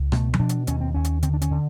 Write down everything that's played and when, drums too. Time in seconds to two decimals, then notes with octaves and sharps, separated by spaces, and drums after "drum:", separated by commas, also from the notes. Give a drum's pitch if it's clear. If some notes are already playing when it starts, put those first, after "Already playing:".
Already playing: C#2
0.12 B2 A3, drum: rim click
0.34 C#4, drum: tom F3
0.39 B2 D4
0.49 drum: hi-hat
0.67 D#2 C#4, drum: hi-hat
0.81 C4
0.94 D#2 C#4
1.04 drum: hi-hat
1.23 D3 C4, drum: hi-hat
1.34 D4
1.42 C#4, drum: hi-hat
1.51 D3